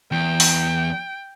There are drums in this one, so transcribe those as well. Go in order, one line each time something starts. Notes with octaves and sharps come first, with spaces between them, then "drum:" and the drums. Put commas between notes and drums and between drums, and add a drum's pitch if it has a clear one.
E2 G5
drum: open hi-hat